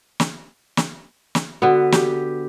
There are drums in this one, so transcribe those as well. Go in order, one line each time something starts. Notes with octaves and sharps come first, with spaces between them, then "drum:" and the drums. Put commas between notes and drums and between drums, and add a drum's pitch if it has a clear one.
drum: snare
drum: snare
drum: snare
D3 B3 F#4
G4, drum: snare